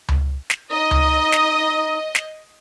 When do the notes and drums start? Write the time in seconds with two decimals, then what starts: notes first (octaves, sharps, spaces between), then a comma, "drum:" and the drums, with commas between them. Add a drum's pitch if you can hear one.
0.09 drum: tom C#2
0.50 drum: snare
0.70 D#4 D#5 A#5 D#6
0.91 drum: tom C#2
1.32 drum: snare
2.15 drum: snare